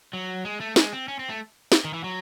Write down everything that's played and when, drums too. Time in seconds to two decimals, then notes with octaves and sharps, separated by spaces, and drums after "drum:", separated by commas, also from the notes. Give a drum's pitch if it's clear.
0.13 F#3
0.45 G#3
0.60 A3
0.76 G#3, drum: snare
0.93 C4
1.08 C#4
1.19 C4
1.29 A3
1.72 drum: snare
1.84 D#3
1.93 E3
2.04 F#3